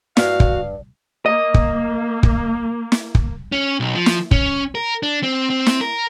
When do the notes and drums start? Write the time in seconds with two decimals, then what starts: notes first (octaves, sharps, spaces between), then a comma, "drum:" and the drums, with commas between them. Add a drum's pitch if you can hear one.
0.17 G2 F#4 F5, drum: snare
0.40 drum: kick
1.26 A#3 D#5
1.54 drum: kick
2.23 drum: kick
2.92 drum: snare
3.15 drum: kick
3.52 C#4
3.80 B1
3.96 F3
4.06 drum: snare
4.31 C#4, drum: kick
4.75 A#4
5.03 D4
5.23 C4
5.50 C4
5.67 drum: snare
5.81 A#4